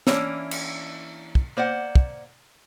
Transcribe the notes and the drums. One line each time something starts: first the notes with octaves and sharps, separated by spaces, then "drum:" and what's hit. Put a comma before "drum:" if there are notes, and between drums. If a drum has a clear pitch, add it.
E3 A#3 C#4 D4 E4, drum: snare
drum: cymbal
drum: kick
A#3 C5 D5 F#5
drum: kick